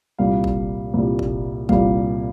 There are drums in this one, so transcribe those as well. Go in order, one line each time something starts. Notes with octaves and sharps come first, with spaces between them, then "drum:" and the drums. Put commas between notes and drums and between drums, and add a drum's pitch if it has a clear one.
C2 A#2 G3 F5
drum: kick G1
C2 A#2 G3
drum: kick G1
C2 A#2 G3 F5, drum: kick G1